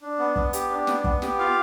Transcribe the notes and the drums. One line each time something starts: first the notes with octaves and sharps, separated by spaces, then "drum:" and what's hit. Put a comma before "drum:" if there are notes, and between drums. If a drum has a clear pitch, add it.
D4
B3
B3, drum: kick
G4, drum: hi-hat
D4
B3, drum: snare
B3, drum: kick
G4, drum: snare
F4 F5